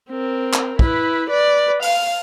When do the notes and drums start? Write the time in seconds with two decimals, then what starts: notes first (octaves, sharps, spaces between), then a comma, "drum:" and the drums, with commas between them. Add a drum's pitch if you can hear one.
0.10 C4 A#4
0.53 drum: clap
0.79 E4 B4, drum: kick
1.30 B4 D5
1.82 F5, drum: open hi-hat